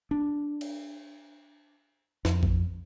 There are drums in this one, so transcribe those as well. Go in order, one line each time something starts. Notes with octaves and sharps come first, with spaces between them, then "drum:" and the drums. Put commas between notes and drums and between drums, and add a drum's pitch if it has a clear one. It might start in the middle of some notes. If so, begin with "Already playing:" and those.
D4
drum: cymbal
F2, drum: snare
drum: kick A1